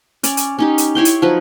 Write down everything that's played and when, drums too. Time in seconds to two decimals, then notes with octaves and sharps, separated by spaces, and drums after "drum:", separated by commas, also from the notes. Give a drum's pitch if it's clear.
0.23 C#4 D5, drum: hi-hat
0.37 drum: hi-hat
0.59 C#4 D#4 G4
0.78 drum: hi-hat
0.95 E4 C#5 G5 C6
1.05 drum: hi-hat
1.22 F3 F#3 D#4 B4